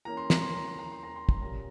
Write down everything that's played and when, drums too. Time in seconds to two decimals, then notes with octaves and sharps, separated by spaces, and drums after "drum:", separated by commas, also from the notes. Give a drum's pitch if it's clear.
0.05 E3 A#3 C#4 A#5
0.17 C6
0.30 A#5, drum: snare
0.42 C6
0.54 A#5
0.68 C6
0.79 A#5
0.92 C6
1.03 A#5
1.16 C6
1.29 A#5, drum: kick
1.41 A#2 G3 A#3 C#4 A#5